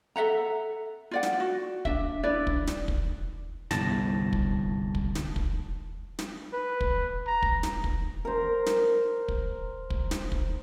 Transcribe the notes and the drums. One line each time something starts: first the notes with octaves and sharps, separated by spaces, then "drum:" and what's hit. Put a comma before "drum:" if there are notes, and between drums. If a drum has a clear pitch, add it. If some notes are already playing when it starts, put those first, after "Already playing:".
A4 E5 F#5 A#5
F4 D5 F#5
drum: snare
F#4
D4 E5, drum: kick
D4 E4 B4 D5
drum: kick
drum: snare
drum: kick
G1 C2 A5 A#6, drum: snare
drum: kick
drum: kick
drum: snare
drum: kick
drum: snare
B4
drum: kick
A#5
drum: kick
drum: snare
drum: kick
A#4 C5
drum: snare
drum: kick
drum: kick
drum: snare
drum: kick